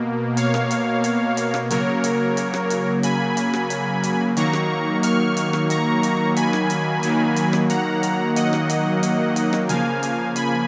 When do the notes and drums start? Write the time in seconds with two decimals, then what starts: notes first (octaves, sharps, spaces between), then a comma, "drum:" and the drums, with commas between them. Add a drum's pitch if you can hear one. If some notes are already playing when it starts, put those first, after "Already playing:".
Already playing: B2 A#3
0.37 C#5 F5, drum: hi-hat
0.54 drum: rim click
0.71 drum: hi-hat
1.04 drum: hi-hat
1.37 drum: hi-hat
1.54 drum: rim click
1.70 C#3 F#3 A#3 A#4 C#5, drum: hi-hat
2.04 drum: hi-hat
2.37 drum: hi-hat
2.54 drum: rim click
2.70 drum: hi-hat
3.03 G#5 B5, drum: hi-hat
3.37 drum: hi-hat
3.53 drum: rim click
3.70 drum: hi-hat
4.03 drum: hi-hat
4.37 D#3 F#3 A#3 A#5 C#6, drum: hi-hat
4.53 drum: rim click
5.03 C#6 F6, drum: hi-hat
5.37 drum: hi-hat
5.53 drum: rim click
5.70 A#5 C#6, drum: hi-hat
6.03 drum: hi-hat
6.36 G#5 B5, drum: hi-hat
6.53 drum: rim click
6.70 drum: hi-hat
7.03 D#3 F#3 A#3, drum: hi-hat
7.36 drum: hi-hat
7.53 drum: rim click
7.70 F#5 A#5, drum: hi-hat
8.03 drum: hi-hat
8.36 D#5 F#5, drum: hi-hat
8.53 drum: rim click
8.69 drum: hi-hat
9.03 drum: hi-hat
9.36 drum: hi-hat
9.53 drum: rim click
9.69 C#3 F3 A#3 F5 G#5, drum: hi-hat
10.03 drum: hi-hat
10.36 G#5 B5, drum: hi-hat